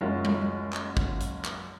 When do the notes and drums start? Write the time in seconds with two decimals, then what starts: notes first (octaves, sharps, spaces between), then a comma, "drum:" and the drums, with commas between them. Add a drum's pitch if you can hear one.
0.01 F#1 G#3 C#4 F4 F#4 A#4
0.25 drum: tom G3
0.73 drum: clap
0.97 drum: kick
1.21 drum: hi-hat
1.45 drum: clap